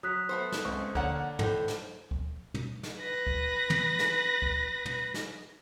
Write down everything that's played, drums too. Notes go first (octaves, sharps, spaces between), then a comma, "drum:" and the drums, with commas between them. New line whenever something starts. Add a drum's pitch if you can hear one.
F#3 D#6 F#6 B6
A3 B3 C5
drum: snare
C#2 C4 C#6
D3 A#3 C#5 F#5, drum: kick C#2
A2 A4 C5, drum: tom
drum: snare
drum: kick C#2
drum: tom
drum: snare
B4 A#6
drum: kick C#2
drum: tom
drum: snare
drum: kick C#2
drum: tom
drum: snare